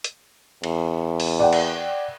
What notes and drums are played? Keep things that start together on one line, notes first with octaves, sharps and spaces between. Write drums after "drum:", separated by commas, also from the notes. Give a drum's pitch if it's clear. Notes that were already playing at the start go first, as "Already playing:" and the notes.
drum: hi-hat
E2, drum: cymbal
drum: open hi-hat
D5 F#5 G5
drum: cymbal